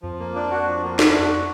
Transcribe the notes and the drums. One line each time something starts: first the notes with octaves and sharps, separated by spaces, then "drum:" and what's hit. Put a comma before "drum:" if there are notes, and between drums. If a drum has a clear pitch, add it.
F2 F3
A#3
D4
F#4
F3
A#3
D4, drum: snare
F#4